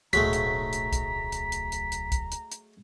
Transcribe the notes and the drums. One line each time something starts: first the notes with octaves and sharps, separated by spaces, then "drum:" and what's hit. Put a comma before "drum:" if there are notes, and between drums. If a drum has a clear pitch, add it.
D1 B1 F#3 G#3 A3 A#5 B6, drum: hi-hat
drum: hi-hat
drum: hi-hat
drum: kick, hi-hat
drum: hi-hat
drum: hi-hat
drum: hi-hat
drum: hi-hat
drum: kick, hi-hat
drum: hi-hat
drum: hi-hat